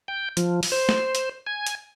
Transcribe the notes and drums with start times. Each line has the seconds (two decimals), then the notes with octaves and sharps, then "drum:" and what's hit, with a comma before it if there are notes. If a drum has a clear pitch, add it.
0.08 G5
0.37 F3, drum: hi-hat
0.63 drum: open hi-hat
0.72 C5
0.89 drum: snare
1.15 drum: hi-hat
1.47 G#5
1.67 drum: hi-hat